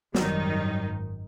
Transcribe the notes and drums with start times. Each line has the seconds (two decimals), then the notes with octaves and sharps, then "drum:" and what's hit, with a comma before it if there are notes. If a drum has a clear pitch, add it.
0.15 G#1 F#2 D#3 F#3 G3 D#4, drum: snare